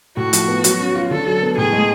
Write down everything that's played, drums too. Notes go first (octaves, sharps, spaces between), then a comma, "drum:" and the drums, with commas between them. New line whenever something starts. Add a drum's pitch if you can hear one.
A2 F#4
F3, drum: hi-hat
B3
F#3, drum: hi-hat
C#4
F4
D3 A4
F#3
B3
A2 G#4
G#3